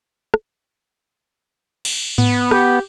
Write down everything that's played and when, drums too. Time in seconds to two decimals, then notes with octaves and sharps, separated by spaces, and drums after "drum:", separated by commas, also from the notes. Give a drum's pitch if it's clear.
0.34 drum: rim click
1.85 drum: cymbal
2.18 B3, drum: tom G#2
2.51 G4, drum: rim click